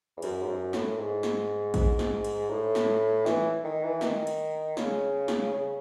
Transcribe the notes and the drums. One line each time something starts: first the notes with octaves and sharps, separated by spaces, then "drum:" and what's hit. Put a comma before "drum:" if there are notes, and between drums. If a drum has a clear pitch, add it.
E2
F#2, drum: cymbal
G#2
F#2
A2, drum: snare
G#2
drum: snare
drum: kick, cymbal
drum: snare
drum: cymbal
A2
drum: snare
E3, drum: snare
D#3
E3
D#3, drum: snare
drum: cymbal
C#3, drum: snare
drum: snare
C#3